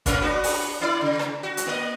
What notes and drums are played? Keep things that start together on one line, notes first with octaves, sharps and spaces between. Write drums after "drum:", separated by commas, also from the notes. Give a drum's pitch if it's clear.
A3 C#4 B4, drum: kick, hi-hat
B3 D4 F#4
drum: open hi-hat
B3 E4 D5
C#3
drum: rim click
F#4
drum: hi-hat
A#3 D#5